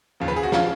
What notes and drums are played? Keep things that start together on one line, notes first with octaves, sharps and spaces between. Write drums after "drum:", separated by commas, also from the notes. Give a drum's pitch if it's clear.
D#2 C#3 F3
B4
G#4
F#4
C#3 F3 F4, drum: snare